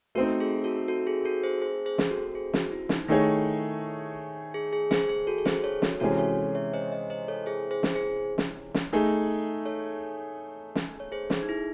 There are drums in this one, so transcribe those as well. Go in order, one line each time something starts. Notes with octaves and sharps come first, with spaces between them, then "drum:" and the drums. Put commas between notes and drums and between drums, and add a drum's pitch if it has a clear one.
A3 C4 D#4 F#4
G#4
F#4 A4
F#4 A4
G#4
F#4 A4
G#4 C5
G#4 C5
G#4 C5
drum: snare
F#4 A4
G#4
F#4, drum: snare
E4
D#4, drum: snare
D#3 A3 D#4 E4 G#4 C#5
G#4
G#4
G#4 C5, drum: snare
G#4
F#4 A4
A4
G#4 C5, drum: snare
A4 C#5
F#4, drum: snare
C3 E3 G#3 C#4 F#4 G#4 A4
A4 C#5
C#5 E5
C5 D#5
C5 D#5
C5 D#5
A4 C#5
G#4 C5
G#4 C5
drum: snare
G#4 C5
drum: snare
drum: snare
A3 D#4 G#4
A4 C#5
drum: snare
C#5
G#4 C5
G#4, drum: snare
D#4
E4